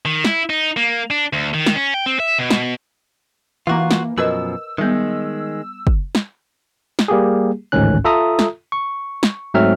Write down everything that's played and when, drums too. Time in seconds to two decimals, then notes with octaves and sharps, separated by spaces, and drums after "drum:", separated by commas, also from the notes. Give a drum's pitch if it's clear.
0.06 D#3
0.25 E4, drum: snare
0.50 D#4
0.77 A#3
1.10 D4
1.33 D2
1.54 D#3
1.66 drum: snare
1.76 C#4
1.94 G5
2.06 C4
2.20 E5
2.39 B2
2.51 drum: snare
3.67 E3 A#3 F4 F#4
3.91 drum: snare
4.18 F#2 B2 F3 A#4 B4 D#5 E6
4.78 D#3 G3 G#3 B3
5.87 drum: kick
6.15 drum: snare
6.99 drum: snare
7.08 G3 A#3 G4 G#4
7.72 A1 D2 G#2 D#3 C#4 F#6
8.05 F4 A4 E5 A#5 D#6
8.39 drum: snare
8.72 C#6
9.23 drum: snare
9.54 G#2 F#3 A3 C4 E5 F6